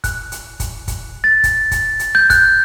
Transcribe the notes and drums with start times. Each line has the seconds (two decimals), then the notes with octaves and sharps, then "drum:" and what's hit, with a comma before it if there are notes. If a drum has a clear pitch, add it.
0.04 F#6, drum: kick, hi-hat
0.32 drum: hi-hat
0.60 drum: kick, hi-hat
0.88 drum: kick, hi-hat
1.24 A6
1.44 drum: kick, hi-hat
1.71 drum: kick, hi-hat
1.99 drum: hi-hat
2.15 G6
2.30 F#6, drum: kick, hi-hat